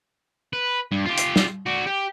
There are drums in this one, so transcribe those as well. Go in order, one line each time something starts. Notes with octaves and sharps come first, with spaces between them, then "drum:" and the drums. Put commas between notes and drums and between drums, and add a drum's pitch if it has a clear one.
B4
G2
F4 G4
drum: hi-hat
drum: snare
F#4 D5
G4